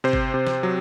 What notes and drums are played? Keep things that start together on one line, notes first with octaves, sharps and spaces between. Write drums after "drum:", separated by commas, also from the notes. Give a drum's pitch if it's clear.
C3 C5
drum: kick G1
C3
drum: snare
F#3